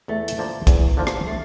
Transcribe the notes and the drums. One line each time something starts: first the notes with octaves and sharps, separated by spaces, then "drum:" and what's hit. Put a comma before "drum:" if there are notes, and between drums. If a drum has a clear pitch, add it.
E2 A3
drum: hi-hat
D3 F3 A#3
E2, drum: kick, hi-hat
D3 F3 A#3
drum: rim click
A3